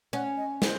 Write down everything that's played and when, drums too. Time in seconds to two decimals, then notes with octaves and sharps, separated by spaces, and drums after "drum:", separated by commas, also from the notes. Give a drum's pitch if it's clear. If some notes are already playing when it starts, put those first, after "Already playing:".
0.13 C#4 F#5
0.37 D#5
0.62 C5, drum: snare